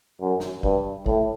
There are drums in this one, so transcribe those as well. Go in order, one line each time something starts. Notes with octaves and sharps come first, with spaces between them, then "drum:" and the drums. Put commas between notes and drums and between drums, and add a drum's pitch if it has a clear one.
F#2
drum: snare
G2, drum: kick G#1
A2, drum: kick G#1